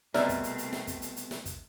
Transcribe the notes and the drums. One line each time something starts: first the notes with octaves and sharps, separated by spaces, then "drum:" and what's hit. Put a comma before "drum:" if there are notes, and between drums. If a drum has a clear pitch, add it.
C2 B2 A3 C4 A#4 D5 E5, drum: snare
drum: kick, hi-hat
drum: hi-hat
drum: hi-hat
drum: snare
drum: kick, hi-hat
drum: hi-hat
drum: hi-hat
drum: snare
drum: kick, hi-hat